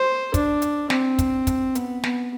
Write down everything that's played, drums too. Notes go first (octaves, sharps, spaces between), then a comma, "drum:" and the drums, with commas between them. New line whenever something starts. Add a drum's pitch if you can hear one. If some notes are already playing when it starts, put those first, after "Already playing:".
Already playing: C5
D4, drum: kick, hi-hat
drum: hi-hat
C4, drum: snare
drum: kick, hi-hat
drum: kick, hi-hat
B3, drum: hi-hat
B3, drum: snare